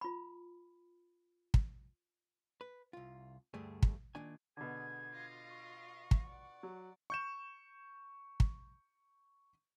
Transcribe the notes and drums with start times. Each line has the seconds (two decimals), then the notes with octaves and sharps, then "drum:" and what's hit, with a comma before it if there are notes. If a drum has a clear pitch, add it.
0.01 F4 B5
1.54 drum: kick
2.61 B4
2.93 C2 F4
3.54 D2 G2 G3 A3 G#4
3.83 drum: kick
4.15 A#2 D#3 D4 G#5
4.57 B2 D3 G#4 G#6
5.11 F4 D#5 F5
5.50 C#6
6.11 drum: kick
6.27 D5 F#5
6.63 F#3
7.10 C#6 G6 E7
8.40 drum: kick